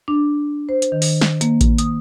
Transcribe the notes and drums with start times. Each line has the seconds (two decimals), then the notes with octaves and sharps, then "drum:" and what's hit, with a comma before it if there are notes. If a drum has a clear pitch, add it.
0.08 D4
0.69 C5
0.82 drum: hi-hat
0.92 D#3
1.02 drum: open hi-hat
1.21 drum: snare
1.41 A#3, drum: hi-hat
1.61 drum: kick A1, hi-hat
1.78 D#6, drum: hi-hat